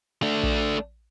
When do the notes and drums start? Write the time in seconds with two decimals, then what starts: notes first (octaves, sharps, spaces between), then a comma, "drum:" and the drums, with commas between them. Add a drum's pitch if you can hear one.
0.22 A3 D4
0.43 drum: kick A#1